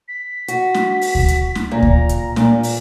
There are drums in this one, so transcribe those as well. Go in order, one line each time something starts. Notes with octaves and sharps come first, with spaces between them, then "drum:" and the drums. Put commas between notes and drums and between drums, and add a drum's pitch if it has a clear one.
B6
F#4, drum: hi-hat
drum: snare
drum: open hi-hat
drum: kick D2
drum: hi-hat
drum: snare
A#2 A#5
drum: kick D2
drum: hi-hat
A#2, drum: snare
drum: open hi-hat